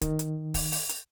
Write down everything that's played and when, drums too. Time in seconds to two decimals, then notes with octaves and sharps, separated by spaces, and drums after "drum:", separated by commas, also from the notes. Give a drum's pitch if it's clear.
0.01 D#3, drum: kick, hi-hat
0.19 drum: hi-hat
0.54 drum: kick, open hi-hat
0.72 drum: open hi-hat
0.89 drum: hi-hat